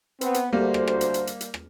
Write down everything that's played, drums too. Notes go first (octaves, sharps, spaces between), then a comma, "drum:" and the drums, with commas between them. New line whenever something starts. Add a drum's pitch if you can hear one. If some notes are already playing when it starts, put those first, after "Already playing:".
B3 C4, drum: hi-hat
drum: hi-hat
D2 G3 A#3 C5
drum: rim click
drum: rim click
drum: hi-hat
drum: hi-hat
drum: hi-hat
drum: hi-hat
drum: rim click